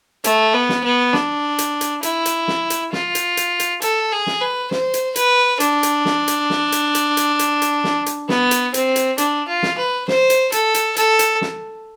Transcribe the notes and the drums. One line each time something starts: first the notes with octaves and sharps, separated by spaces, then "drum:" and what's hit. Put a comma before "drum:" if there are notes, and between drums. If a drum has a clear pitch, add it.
A3, drum: hi-hat
B3
drum: snare
B3
D4, drum: snare
drum: hi-hat
drum: hi-hat
E4, drum: hi-hat
drum: hi-hat
drum: snare
drum: hi-hat
F4, drum: snare
drum: hi-hat
drum: hi-hat
drum: hi-hat
A4, drum: hi-hat
G#4
drum: snare
B4
C5, drum: snare
drum: hi-hat
B4, drum: hi-hat
D4, drum: hi-hat
drum: hi-hat
drum: snare
drum: hi-hat
drum: snare
drum: hi-hat
drum: hi-hat
drum: hi-hat
drum: hi-hat
drum: hi-hat
drum: snare
drum: hi-hat
B3, drum: snare
drum: hi-hat
C4, drum: hi-hat
drum: hi-hat
D4, drum: hi-hat
F4
drum: snare
B4
C5, drum: snare
drum: hi-hat
A4, drum: hi-hat
drum: hi-hat
A4, drum: hi-hat
drum: hi-hat
drum: snare